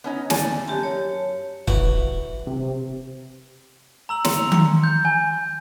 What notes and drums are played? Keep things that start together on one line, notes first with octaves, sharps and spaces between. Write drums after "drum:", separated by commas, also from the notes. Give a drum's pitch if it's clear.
B3 C#4 D#4
A2 D5 G#5, drum: snare
F#2 G4 A5
C#5
E3 F#4, drum: kick
C3
A#5 E6 F#7
C6 C#7, drum: snare
F7
A#5 C#7, drum: tom D#3
G6
G#5